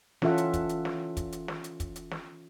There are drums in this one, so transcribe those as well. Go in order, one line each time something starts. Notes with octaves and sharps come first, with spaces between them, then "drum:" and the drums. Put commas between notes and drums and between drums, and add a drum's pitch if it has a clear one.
E3 C#4 F4 A4 E5 F#5, drum: snare
drum: hi-hat
drum: kick, hi-hat
drum: hi-hat
drum: snare
drum: kick, hi-hat
drum: hi-hat
drum: snare
drum: hi-hat
drum: kick, hi-hat
drum: hi-hat
drum: snare